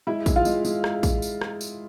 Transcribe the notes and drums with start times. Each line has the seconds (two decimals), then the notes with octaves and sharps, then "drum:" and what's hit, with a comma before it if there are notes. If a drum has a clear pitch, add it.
0.07 G#3 E4 E5
0.26 G#3, drum: kick, tambourine
0.36 F4 F5
0.45 G#3, drum: tambourine
0.65 G#3, drum: tambourine
0.84 drum: rim click
1.03 drum: kick, tambourine
1.22 drum: tambourine
1.41 drum: rim click
1.61 drum: tambourine